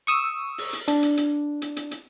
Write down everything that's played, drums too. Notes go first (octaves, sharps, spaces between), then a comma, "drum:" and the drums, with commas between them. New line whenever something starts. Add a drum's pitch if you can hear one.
C#6 D#6 E6
drum: open hi-hat
drum: hi-hat
D4, drum: hi-hat
drum: hi-hat
drum: hi-hat
drum: hi-hat
drum: hi-hat
drum: hi-hat